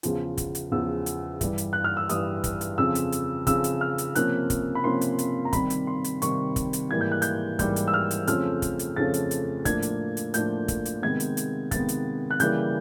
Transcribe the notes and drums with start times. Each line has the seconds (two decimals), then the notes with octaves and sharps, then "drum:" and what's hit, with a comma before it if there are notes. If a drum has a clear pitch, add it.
0.03 E2 C#3 F3, drum: hi-hat
0.37 drum: kick, hi-hat
0.55 drum: hi-hat
0.71 E2 C#3 F3 E6
1.06 drum: hi-hat
1.41 G2 E3 G3, drum: kick, hi-hat
1.58 drum: hi-hat
1.73 F#6
1.84 F6
1.97 E6
2.09 G2 E3 G3 D#6, drum: hi-hat
2.44 drum: kick, hi-hat
2.61 drum: hi-hat
2.78 F2 C#3 F3 E6
2.95 drum: hi-hat
3.12 drum: hi-hat
3.47 F2 C#3 F3 E6, drum: kick, hi-hat
3.64 drum: hi-hat
3.81 F6
3.98 drum: hi-hat
4.15 C3 F3 A#3 C#4 F#6, drum: hi-hat
4.50 drum: kick, hi-hat
4.75 B5
4.84 C3 F3 A#3 C#4 C6
5.01 drum: hi-hat
5.19 drum: hi-hat
5.45 A#5
5.53 C3 D#3 G3 B5, drum: kick, hi-hat
5.70 drum: hi-hat
5.87 C6
6.04 drum: hi-hat
6.22 C3 D#3 G3 C#6, drum: hi-hat
6.56 drum: kick, hi-hat
6.73 drum: hi-hat
6.91 G#2 E3 G3 A#3 G#6
7.01 G6
7.12 F#6
7.22 G6, drum: hi-hat
7.59 G#2 E3 G3 A#3 G6, drum: kick, hi-hat
7.76 drum: hi-hat
7.88 E6
7.94 F6
8.11 drum: hi-hat
8.27 F2 C#3 F3 A3 C#4 F6, drum: hi-hat
8.62 drum: kick, hi-hat
8.79 drum: hi-hat
8.96 F2 C#3 F3 A3 C#4 A6
9.14 drum: hi-hat
9.31 drum: hi-hat
9.65 A2 F3 A#3 D4 G#6, drum: kick, hi-hat
9.82 drum: hi-hat
10.17 drum: hi-hat
10.34 A2 F3 A#3 D4 G6, drum: hi-hat
10.68 drum: kick, hi-hat
10.85 drum: hi-hat
11.02 C3 D#3 G#3 B3 G#6
11.20 drum: hi-hat
11.37 drum: hi-hat
11.71 C3 D#3 G#3 B3 A6, drum: kick, hi-hat
11.89 drum: hi-hat
12.31 F#6
12.40 C#3 E3 G3 A#3 G6, drum: hi-hat